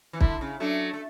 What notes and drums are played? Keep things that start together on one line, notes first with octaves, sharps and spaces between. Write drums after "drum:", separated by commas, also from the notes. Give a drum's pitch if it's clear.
E3
D3 E4, drum: kick
C#3
F#3 A3 D4
A3